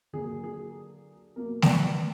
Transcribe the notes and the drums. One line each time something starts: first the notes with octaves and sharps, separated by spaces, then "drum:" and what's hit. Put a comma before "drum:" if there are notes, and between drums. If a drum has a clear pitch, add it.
D3 F#3 A#3 G#4
G#4
B2 F#3 A#3 A#4
D5, drum: snare A3
B4
D5